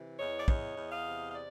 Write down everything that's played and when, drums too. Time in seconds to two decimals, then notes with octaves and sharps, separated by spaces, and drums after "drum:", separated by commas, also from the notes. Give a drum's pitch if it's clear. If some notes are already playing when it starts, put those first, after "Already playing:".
Already playing: C3 E3
0.19 E2 C#5 D#5
0.38 D5
0.48 E2 C#5 D#5, drum: kick
0.77 E2
0.92 D#5 F5
1.07 C3
1.31 F5
1.35 D5